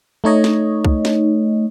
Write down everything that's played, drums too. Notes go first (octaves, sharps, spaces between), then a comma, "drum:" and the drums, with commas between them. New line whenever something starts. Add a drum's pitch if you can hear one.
A3 D#4 C#5 D#5
drum: snare
drum: kick C2
drum: snare